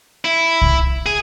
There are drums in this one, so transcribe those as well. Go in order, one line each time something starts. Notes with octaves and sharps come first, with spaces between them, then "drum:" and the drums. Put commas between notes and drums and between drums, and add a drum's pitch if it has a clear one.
E4
drum: kick C2
G#4